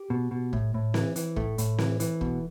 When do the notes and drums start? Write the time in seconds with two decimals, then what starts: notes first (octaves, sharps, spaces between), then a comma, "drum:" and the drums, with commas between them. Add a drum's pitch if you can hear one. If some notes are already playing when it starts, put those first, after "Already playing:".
Already playing: G4
0.10 B2
0.31 B2
0.53 A2, drum: kick
0.74 A2
0.94 E3, drum: snare C4
1.16 E3, drum: hi-hat
1.36 A2 A3, drum: kick
1.58 A2, drum: hi-hat
1.78 E3, drum: snare C4
2.00 E3, drum: hi-hat
2.21 B2, drum: kick